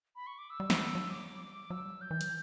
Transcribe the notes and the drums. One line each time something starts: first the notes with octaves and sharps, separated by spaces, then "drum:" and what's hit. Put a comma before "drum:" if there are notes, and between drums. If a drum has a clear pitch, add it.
B5
C#6
D6
E6
G3
A3, drum: snare
F#3
G3 D6
F#3 E6
G3
F#3 G6
E3
F#3, drum: hi-hat